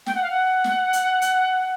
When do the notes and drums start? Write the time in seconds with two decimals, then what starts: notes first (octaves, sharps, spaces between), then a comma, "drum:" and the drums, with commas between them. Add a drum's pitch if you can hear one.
0.06 G5, drum: snare
0.15 F#5
0.22 F5
0.30 F#5
0.64 drum: snare
0.93 drum: hi-hat
1.22 drum: hi-hat